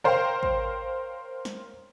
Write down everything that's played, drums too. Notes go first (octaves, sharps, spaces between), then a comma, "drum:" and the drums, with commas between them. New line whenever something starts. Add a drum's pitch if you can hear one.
A#4 C5 C#5 F5 G5, drum: tom A#2
drum: kick
drum: snare